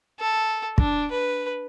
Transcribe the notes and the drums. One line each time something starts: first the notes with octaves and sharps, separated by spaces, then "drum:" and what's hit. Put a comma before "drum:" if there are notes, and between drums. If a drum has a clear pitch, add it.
A4
D4, drum: kick
B4